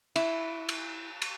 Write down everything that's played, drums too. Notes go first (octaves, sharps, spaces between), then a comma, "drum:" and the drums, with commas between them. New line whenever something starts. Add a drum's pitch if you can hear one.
E4, drum: cymbal
drum: cymbal
drum: cymbal